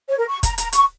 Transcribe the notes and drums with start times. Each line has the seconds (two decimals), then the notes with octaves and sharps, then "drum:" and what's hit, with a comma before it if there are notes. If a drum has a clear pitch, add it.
0.08 C#5
0.18 A#4
0.28 C#6
0.43 A#5, drum: kick, hi-hat
0.58 A#5, drum: hi-hat
0.73 C#6, drum: hi-hat